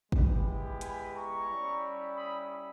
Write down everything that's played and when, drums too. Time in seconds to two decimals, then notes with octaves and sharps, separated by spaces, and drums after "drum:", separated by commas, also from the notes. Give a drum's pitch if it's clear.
0.12 G#3 B3 E4 G4, drum: kick
0.81 G#5 B5, drum: hi-hat
1.15 A#5 C#6
1.49 G3 C#4 E4
2.17 B5 D#6